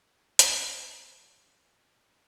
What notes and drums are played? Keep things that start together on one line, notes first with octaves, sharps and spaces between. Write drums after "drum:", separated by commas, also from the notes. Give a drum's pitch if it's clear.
A#5 C#6 A6, drum: hi-hat